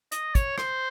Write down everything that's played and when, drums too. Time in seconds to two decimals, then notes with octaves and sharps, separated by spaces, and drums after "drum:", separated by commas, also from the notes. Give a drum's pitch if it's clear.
0.12 D#5, drum: hi-hat
0.35 C#5, drum: kick, hi-hat
0.58 C5, drum: rim click